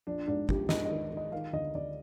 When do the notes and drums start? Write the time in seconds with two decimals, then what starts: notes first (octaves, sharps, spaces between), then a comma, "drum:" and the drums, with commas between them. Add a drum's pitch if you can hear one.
0.07 A#1 D4
0.27 G#2 D4
0.49 A#1 G4, drum: kick
0.69 G#2 D#5, drum: snare
0.85 D#5
0.91 D#3
1.11 D#3
1.17 D#5
1.32 D#3 F5
1.53 D2 D#5
1.75 D2 D5